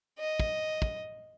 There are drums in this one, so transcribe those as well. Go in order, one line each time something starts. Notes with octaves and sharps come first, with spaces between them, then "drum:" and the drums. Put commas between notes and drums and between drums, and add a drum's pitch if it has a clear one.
D#5
drum: kick
drum: kick